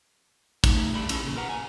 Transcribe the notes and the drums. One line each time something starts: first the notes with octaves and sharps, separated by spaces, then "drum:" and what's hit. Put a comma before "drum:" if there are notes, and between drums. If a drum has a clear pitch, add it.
D3 A3 D#4, drum: kick, cymbal
G2 G3 A3 D4 B5
C#4 E4 G#4 A4, drum: cymbal
A#2 C#3 E3
A#4 B4 F#5 A#5
G#5